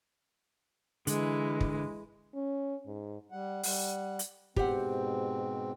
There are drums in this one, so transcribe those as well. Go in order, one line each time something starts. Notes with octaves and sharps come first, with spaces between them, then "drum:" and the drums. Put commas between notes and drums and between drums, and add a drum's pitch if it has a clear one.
D3 E3 G#3, drum: hi-hat
drum: kick
C#4
G#2
G3 F#5
G3 F#5, drum: open hi-hat
drum: hi-hat
G#2 B2 C4 G4 C5 F#5, drum: kick